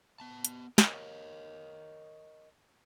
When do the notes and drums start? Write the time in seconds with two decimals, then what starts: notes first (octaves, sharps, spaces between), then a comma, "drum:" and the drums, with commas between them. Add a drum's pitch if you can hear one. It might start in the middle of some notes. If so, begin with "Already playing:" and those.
0.20 B3 A5
0.45 drum: hi-hat
0.78 A#4 C#5 D#5, drum: snare